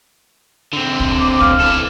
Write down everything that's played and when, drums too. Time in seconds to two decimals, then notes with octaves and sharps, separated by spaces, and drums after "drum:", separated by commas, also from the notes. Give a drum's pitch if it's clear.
0.73 D3 C4
1.00 drum: kick C#2
1.20 D6
1.41 F5, drum: kick C#2
1.60 E3 A4